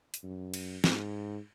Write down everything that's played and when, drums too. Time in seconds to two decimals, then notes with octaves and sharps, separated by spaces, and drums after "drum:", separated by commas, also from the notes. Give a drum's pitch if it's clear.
0.14 drum: hi-hat
0.23 F#2
0.54 drum: cymbal
0.84 G#2, drum: snare